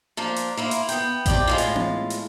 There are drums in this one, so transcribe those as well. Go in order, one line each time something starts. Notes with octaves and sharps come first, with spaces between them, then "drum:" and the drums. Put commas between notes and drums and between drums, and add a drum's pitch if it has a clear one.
F3 A#3 D4
drum: hi-hat
A#3 E4 F4
drum: hi-hat
B3 G5, drum: hi-hat
C3 D5 G5, drum: kick A1, hi-hat
A2 G#3 F4
drum: hi-hat
drum: tom B3
drum: hi-hat